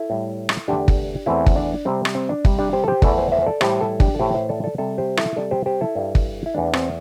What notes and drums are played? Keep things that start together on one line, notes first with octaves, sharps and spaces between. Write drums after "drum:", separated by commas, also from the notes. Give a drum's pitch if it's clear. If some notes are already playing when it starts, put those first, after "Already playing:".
Already playing: E4 A4
A2 G3
drum: rim click
E2 D3 A3 D4 G4
drum: kick
E2 E3 A3 C4 E4
drum: kick
D4
C3 G3 C4
drum: rim click
C4
D4
C3 G3, drum: kick
D4 G4
G4 C5
A4
G4 C5
E2 E3 A3 A4 D5, drum: kick
C5 E5
C5 E5
C5
A4 D5
A2 E3 G3 G4 C5, drum: rim click
E4 A4
D4 G4, drum: kick
A4
A2 E3 A3 G4 C5
C5 E5
A4 D5
A4 D5
C3 G3 A4 D5
G4 C5
E4 A4, drum: rim click
C3 G3 A4 D5
G4 C5
G4 C5
E4 A4
G2 G3
drum: kick
E4
E2 E3 A3 D4
C4, drum: rim click